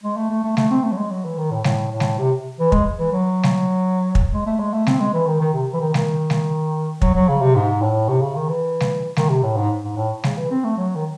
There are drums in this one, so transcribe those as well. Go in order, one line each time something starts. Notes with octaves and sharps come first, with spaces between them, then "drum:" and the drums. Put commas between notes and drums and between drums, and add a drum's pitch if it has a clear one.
G#3
A3
A3
A3
A3, drum: snare G3
C4
A3
F#3
G#3
F#3
E3
D#3
A2
A2, drum: snare G3
A2
drum: snare G3
C3
E3
G#3, drum: kick
E3
F#3
drum: snare G3
drum: kick
G#3
A3
G#3
A3
C4, drum: snare G3
G#3
E3
D#3
D#3
C3
E3
D#3
D#3, drum: snare G3
drum: snare G3
F#3, drum: kick
F#3
C#3
C3
G#2
A2
C3
C#3
D#3
E3
drum: snare G3
D#3, drum: snare G3
C3
A2
G#2
G#2
A2
C#3, drum: snare G3
E3
C4
A3
F#3
D#3